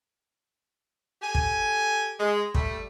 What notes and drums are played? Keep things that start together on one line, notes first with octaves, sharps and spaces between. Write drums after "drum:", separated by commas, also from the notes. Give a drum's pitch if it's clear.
G4 A4 G#5
drum: kick
G#3
G3 A3, drum: kick